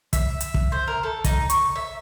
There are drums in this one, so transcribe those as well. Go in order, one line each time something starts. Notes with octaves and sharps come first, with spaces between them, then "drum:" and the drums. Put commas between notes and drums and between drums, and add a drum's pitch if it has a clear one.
E5, drum: kick, hi-hat
drum: hi-hat
drum: kick
C5
A#4
A4
D#4, drum: kick, hi-hat
C#6, drum: hi-hat
E5